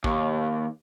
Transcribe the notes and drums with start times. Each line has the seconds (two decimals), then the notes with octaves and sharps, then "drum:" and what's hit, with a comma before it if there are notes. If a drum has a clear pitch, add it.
0.04 D#2, drum: kick